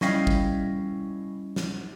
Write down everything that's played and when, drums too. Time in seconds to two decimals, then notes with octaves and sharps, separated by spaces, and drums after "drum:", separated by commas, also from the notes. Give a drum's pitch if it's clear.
0.01 G3 C#4 E4 D#5 F5 G5, drum: snare
0.27 drum: kick
1.56 drum: snare